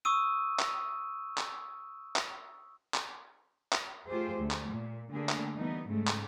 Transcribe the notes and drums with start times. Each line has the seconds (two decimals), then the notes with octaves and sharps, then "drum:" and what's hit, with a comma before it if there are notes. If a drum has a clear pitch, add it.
0.05 C#6 D#6 E6 D#7
0.59 drum: clap
1.38 drum: clap
2.16 drum: clap
2.94 drum: clap
3.72 drum: clap
4.08 A3 F4 G4 G#4 C5
4.39 D2 A3
4.51 drum: clap
4.70 A#2
5.13 D3 A3 A#3 G#4
5.29 drum: clap
5.57 E3 G3 B3 D#4
5.88 G#2 C#3 G#3 A3
6.07 drum: clap